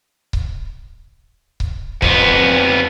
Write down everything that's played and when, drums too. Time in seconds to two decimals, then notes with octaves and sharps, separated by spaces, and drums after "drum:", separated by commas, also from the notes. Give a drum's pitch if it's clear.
0.33 drum: kick C#1
1.60 drum: kick C#1
2.02 F2 B3, drum: kick C#1